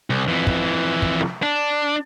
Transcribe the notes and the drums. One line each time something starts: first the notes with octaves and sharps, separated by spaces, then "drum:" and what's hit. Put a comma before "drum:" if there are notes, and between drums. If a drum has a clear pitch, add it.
C2
F2 E3
drum: kick
drum: kick
drum: snare
D4